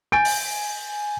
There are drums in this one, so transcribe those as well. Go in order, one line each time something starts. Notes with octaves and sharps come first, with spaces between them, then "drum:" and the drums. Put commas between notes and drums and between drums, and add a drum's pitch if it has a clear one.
G#5 G6 A6 D7
drum: open hi-hat